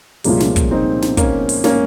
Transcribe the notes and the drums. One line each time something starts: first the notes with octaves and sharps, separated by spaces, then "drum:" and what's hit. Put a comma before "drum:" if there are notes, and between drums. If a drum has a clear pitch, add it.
C2 A#2 F3 G#3 A#3 C#4, drum: open hi-hat
drum: snare
drum: kick, hi-hat
C4 D#4
drum: snare
A#3 C#4, drum: kick, hi-hat
drum: open hi-hat
A#3 C#4, drum: snare